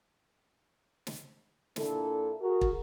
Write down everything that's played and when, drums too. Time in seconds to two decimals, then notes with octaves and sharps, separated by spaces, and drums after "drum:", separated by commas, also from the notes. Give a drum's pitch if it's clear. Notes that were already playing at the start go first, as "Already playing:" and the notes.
1.07 drum: snare
1.76 A#2 D4 E4 A4, drum: snare
2.40 F#4 G#4 A#4
2.61 drum: kick